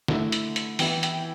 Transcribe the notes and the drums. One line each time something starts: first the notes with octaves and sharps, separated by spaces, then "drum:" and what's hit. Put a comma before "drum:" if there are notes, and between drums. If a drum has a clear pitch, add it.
D3 A3 E4, drum: snare
drum: hi-hat
drum: hi-hat
E3 B3 E4 G5, drum: open hi-hat
G5, drum: hi-hat